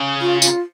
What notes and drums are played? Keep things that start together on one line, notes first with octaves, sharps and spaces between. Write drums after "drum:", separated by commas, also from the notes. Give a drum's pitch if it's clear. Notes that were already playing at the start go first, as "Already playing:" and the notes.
Already playing: C#3
F4
F4, drum: tambourine